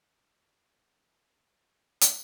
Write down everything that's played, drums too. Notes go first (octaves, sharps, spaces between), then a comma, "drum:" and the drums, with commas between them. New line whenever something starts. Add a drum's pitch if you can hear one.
A2 F#4
C4
C4
C5
F#4
C4
drum: hi-hat